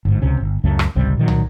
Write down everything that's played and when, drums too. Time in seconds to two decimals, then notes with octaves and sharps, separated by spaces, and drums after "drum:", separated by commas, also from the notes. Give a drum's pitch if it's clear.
0.05 G1 G#2
0.22 C#2 C3 C#4
0.41 G1
0.64 C#2 F#2 C#3 A3
0.79 drum: rim click
0.95 G#1 C#2 C3 G3
1.17 A#2 D#3 F#3
1.28 drum: tom